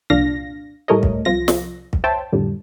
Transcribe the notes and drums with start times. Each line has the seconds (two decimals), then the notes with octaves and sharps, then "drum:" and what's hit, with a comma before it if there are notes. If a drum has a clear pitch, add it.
0.10 C2 F2 A#2 D4 F5 A#6
0.88 A2 G3 A3 A#4 C#5 D#5
1.03 drum: kick
1.25 C2 F3 F4 A#6
1.48 drum: snare
1.93 drum: kick
2.04 C5 C#5 E5 G5 A5
2.33 F2 A2 D3 G3